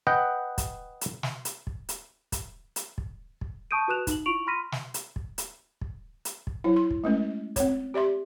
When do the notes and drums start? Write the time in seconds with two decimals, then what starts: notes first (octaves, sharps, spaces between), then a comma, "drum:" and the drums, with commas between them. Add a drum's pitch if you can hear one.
0.07 B4 D#5 F#5 G5
0.58 drum: kick, hi-hat
1.01 drum: hi-hat
1.23 drum: snare
1.45 drum: hi-hat
1.67 drum: kick
1.89 drum: hi-hat
2.32 drum: kick, hi-hat
2.76 drum: hi-hat
2.98 drum: kick
3.41 drum: kick
3.71 A5 C#6 D#6 G6 D7 D#7
3.88 F#4 B4 D#6 F#6 E7 F7
4.07 D#4 F#7, drum: kick, hi-hat
4.26 E4 F4 C#6 D7 F7 F#7
4.47 B5 C6 F6 A#6 B6 D#7
4.72 drum: snare
4.94 drum: hi-hat
5.16 drum: kick
5.38 drum: hi-hat
5.81 drum: kick
6.25 drum: hi-hat
6.47 drum: kick
6.64 F#3 E4
6.76 C6
6.91 drum: kick
7.04 G#3 A3 C#4
7.56 C4 C#5, drum: kick, hi-hat
7.94 G4 D5 E5 C6